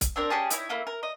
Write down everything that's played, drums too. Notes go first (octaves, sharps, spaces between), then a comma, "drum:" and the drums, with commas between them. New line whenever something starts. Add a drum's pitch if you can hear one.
drum: kick, hi-hat
C4 D4 A#4
C#4 G4 G#4 A5
D#4 E4 C#5, drum: hi-hat
A3 A#3 E4
A#4
D#5